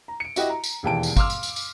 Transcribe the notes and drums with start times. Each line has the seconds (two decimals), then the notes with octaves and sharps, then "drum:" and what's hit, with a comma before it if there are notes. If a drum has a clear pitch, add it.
0.08 A#5
0.20 C#7 D7
0.36 E4 F#4 G4 D#5, drum: tambourine
0.50 A#5
0.64 drum: tambourine
0.83 E1 D#2 E3 G5 A5 D7
1.03 drum: tambourine
1.16 F5 C6 D6 E6 F6, drum: kick, tambourine
1.30 drum: tambourine
1.43 drum: tambourine
1.56 drum: tambourine